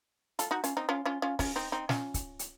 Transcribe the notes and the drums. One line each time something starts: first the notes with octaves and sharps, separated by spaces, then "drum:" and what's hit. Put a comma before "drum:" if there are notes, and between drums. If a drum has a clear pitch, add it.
F4 A4, drum: hi-hat
D#4 F#4
C#4 F4, drum: hi-hat
C4 D#4
C#4 F4
C#4 F4
C#4 F4
C#4 F4, drum: kick, open hi-hat
C4 D#4
C4 D#4
C#4 F4, drum: snare
drum: kick, hi-hat
drum: hi-hat